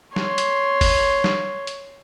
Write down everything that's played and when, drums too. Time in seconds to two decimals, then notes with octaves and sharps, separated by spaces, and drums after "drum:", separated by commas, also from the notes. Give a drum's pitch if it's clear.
0.16 C#5 C6, drum: snare
0.38 drum: hi-hat
0.81 drum: kick G1, open hi-hat
1.24 drum: snare
1.67 drum: hi-hat